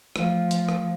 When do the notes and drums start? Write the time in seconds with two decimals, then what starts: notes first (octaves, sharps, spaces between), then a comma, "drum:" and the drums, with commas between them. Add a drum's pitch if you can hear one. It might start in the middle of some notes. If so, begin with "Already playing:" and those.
0.16 F3 A3 F5, drum: rim click
0.51 drum: hi-hat
0.69 drum: rim click